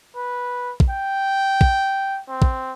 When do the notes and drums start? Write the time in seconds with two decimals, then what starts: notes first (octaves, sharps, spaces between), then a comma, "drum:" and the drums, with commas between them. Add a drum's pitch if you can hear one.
0.16 B4
0.80 drum: kick
0.89 G5
1.61 drum: kick
2.28 C4
2.42 drum: kick